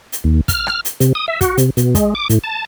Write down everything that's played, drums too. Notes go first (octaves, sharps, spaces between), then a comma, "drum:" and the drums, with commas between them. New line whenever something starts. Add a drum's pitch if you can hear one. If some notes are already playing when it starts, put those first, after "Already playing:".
drum: hi-hat
D#2
F6, drum: kick, hi-hat
drum: rim click
drum: hi-hat
C3, drum: hi-hat
D#6
E5
F#4, drum: kick, hi-hat
C3, drum: hi-hat
B2, drum: hi-hat
G#3, drum: kick, hi-hat
D6
A2, drum: hi-hat
A5